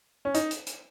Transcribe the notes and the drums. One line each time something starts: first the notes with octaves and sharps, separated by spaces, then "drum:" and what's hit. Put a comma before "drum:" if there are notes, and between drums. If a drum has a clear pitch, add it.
C#4
D#4, drum: hi-hat
drum: hi-hat
drum: hi-hat